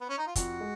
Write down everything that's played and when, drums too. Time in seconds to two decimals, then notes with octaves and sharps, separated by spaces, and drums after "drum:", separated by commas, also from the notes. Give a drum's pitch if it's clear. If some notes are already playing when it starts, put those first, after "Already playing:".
0.01 B3
0.10 C#4
0.18 D#4
0.27 F4
0.36 F2 F#4, drum: kick, hi-hat
0.60 G#3